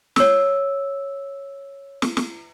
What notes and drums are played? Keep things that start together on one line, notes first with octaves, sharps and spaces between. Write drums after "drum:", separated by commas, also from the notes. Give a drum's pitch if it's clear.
C#5 E6, drum: snare
drum: snare
drum: snare